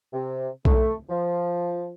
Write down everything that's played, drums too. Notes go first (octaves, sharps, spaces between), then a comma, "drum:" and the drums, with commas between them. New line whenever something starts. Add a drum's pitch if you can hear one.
C3
A3, drum: kick B1
F3